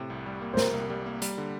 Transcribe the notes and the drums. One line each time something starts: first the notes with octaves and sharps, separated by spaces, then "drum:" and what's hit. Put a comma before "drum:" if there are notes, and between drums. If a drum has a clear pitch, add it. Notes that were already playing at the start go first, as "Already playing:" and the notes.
Already playing: A2 C3
C2
G3
A#3
C5
C3 A#4, drum: snare
C2
G3
A#3
G3, drum: hi-hat
D3